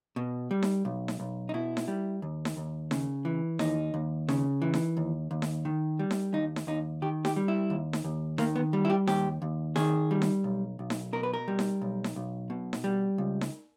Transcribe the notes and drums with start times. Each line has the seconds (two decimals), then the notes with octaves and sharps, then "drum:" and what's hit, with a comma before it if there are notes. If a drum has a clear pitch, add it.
0.16 B2
0.51 G3
0.63 drum: snare D#4
0.85 B1
1.08 drum: snare D#4
1.20 B1
1.49 D#4
1.54 B2 E4
1.77 drum: snare D#4
1.88 G3
2.22 D#2
2.45 drum: snare D#4
2.57 D#2
2.91 C#3, drum: snare D#4
3.25 E3
3.59 D#2 D#4, drum: snare D#4
3.94 D#2
4.28 C#3, drum: snare D#4
4.62 E3
4.74 drum: snare D#4
4.97 D#2
5.31 D#2
5.42 drum: snare D#4
5.65 D#3
5.99 G3
6.11 drum: snare D#4
6.33 D#2 D#4
6.56 drum: snare D#4
6.67 D#2 D#4
7.02 D#3 G4
7.25 G4, drum: snare D#4
7.36 G3
7.48 E4
7.70 D#2
7.93 drum: snare D#4
8.04 D#2
8.38 D#3 A#3, drum: snare D#4
8.56 B3
8.73 G3
8.85 E4
8.90 G4
9.07 D#2 G4, drum: snare D#4
9.42 D#2
9.76 D#3 G#4, drum: snare D#4
10.11 G3
10.22 drum: snare D#4
10.44 B1
10.79 B1
10.90 drum: snare D#4
11.13 B2 A#4
11.23 B4
11.33 A#4
11.48 G3
11.59 drum: snare D#4
11.82 B1
12.04 drum: snare D#4
12.16 B1
12.50 B2
12.73 drum: snare D#4
12.84 G3
13.18 C#2
13.41 drum: snare D#4